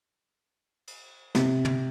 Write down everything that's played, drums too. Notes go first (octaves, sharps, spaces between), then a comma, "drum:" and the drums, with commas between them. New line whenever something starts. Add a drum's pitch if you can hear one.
drum: cymbal
C3, drum: snare
drum: tom